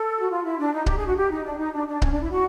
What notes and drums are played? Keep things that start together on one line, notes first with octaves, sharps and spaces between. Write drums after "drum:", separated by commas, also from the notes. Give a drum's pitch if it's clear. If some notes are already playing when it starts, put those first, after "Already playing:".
Already playing: A4
F#4
F4
E4
D4
D#4
G4, drum: kick C#1
G#4
F#4
G4
D#4
D4
D#4
D4
D4
C#4, drum: kick C#1
D4
E4
F#4